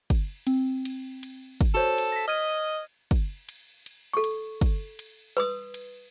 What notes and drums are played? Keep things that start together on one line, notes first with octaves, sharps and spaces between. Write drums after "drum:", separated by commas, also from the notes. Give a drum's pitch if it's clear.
drum: kick, cymbal
C4, drum: cymbal
drum: cymbal
drum: cymbal
drum: kick, cymbal
F#4 A4 C5 C#5
drum: cymbal
A#6 B6
D#5 F6 G#6 D#7
drum: kick, cymbal
drum: cymbal
drum: cymbal
A4 C#6
drum: cymbal
drum: kick, cymbal
drum: cymbal
B4 C6 D#6, drum: cymbal
drum: cymbal